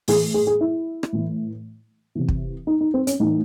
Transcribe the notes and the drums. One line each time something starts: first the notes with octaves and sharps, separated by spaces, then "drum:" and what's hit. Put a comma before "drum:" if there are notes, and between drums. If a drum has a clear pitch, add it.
A2 E3 G#4, drum: open hi-hat
G#4
G#4
E4
drum: rim click
A2 E3
C3 E3
drum: kick
D#4
D#4
C4
C#4, drum: hi-hat
A2 E3 D#4